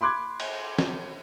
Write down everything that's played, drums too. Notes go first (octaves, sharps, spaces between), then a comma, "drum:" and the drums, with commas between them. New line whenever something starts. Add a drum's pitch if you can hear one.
B5 C6 D6 F#6 G#6
drum: cymbal
drum: snare